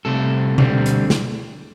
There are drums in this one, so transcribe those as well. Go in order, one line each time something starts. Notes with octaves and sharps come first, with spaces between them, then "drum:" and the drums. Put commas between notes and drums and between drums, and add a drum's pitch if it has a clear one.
C2 C3 A3 A4
D2 D3 G3 C4, drum: tom B2
drum: hi-hat
drum: snare